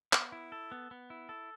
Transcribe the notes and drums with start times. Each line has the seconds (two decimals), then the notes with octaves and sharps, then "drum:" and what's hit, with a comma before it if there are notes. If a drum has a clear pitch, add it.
0.13 B3, drum: clap
0.32 E4
0.52 A4
0.72 B3
0.91 B3
1.10 E4
1.29 A4